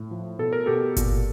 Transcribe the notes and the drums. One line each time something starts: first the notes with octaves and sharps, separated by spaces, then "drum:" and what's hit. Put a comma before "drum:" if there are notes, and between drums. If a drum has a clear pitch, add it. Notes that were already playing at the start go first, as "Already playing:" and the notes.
Already playing: A2
F3
B2 A4
A#4
B2 G4 A4
A#2, drum: kick G1, hi-hat